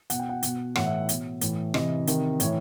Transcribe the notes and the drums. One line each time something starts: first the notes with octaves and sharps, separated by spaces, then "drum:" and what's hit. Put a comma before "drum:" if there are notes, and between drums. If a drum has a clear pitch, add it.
B2 F#5, drum: hi-hat
G5
F#5
B2, drum: hi-hat
A2 E3 F#5, drum: rim click
E5
B2, drum: hi-hat
A2 E3, drum: hi-hat
C3 E3 D#5, drum: rim click
C3 D#3, drum: hi-hat
A2 E3 C#5, drum: hi-hat